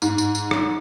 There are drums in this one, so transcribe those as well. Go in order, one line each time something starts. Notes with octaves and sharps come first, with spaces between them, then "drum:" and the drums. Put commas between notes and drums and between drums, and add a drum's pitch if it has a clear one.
G#2, drum: tambourine
drum: tambourine
drum: tambourine
drum: rim click